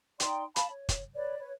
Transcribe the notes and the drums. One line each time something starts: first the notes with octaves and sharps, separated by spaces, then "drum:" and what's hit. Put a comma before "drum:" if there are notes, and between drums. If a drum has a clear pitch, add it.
D#4 D5 G5 C6, drum: hi-hat
F5 A5 B5, drum: hi-hat
C#5
drum: kick, hi-hat
B4 C#5 D5
B4 C#5